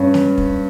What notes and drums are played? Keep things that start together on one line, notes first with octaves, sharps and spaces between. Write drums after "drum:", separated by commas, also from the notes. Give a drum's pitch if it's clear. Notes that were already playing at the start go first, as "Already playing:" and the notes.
Already playing: G2 C#4
drum: snare
drum: kick